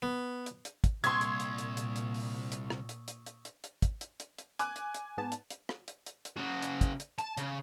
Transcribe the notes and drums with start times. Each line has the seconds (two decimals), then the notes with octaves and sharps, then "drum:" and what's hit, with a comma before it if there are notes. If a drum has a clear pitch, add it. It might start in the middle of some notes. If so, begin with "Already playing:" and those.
0.02 B3
0.46 drum: hi-hat
0.65 drum: hi-hat
0.84 drum: kick, hi-hat
1.04 C2 A#2 C6 C#6 D#6 E6 G#6, drum: hi-hat
1.21 drum: hi-hat
1.40 drum: hi-hat
1.58 drum: hi-hat
1.77 drum: hi-hat
1.96 drum: hi-hat
2.14 drum: open hi-hat
2.52 drum: hi-hat
2.70 drum: rim click
2.89 drum: hi-hat
3.08 drum: hi-hat
3.26 drum: hi-hat
3.45 drum: hi-hat
3.64 drum: hi-hat
3.82 drum: kick, hi-hat
4.01 drum: hi-hat
4.20 drum: hi-hat
4.38 drum: hi-hat
4.59 G#5 D6 F#6, drum: hi-hat
4.76 drum: hi-hat
4.94 drum: hi-hat
5.17 G#2 B3 A5
5.32 drum: hi-hat
5.50 drum: hi-hat
5.69 drum: rim click
5.88 drum: hi-hat
6.06 drum: hi-hat
6.25 drum: hi-hat
6.37 C#3 F#4
6.62 drum: hi-hat
6.81 drum: kick, hi-hat
7.00 drum: hi-hat
7.18 A5, drum: hi-hat
7.37 C#3, drum: hi-hat